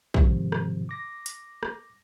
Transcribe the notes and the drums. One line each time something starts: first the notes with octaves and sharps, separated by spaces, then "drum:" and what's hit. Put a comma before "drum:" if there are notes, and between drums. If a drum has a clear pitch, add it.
G#2 C3 D#3 F3, drum: kick
drum: rim click
D6 A#6
drum: hi-hat
drum: rim click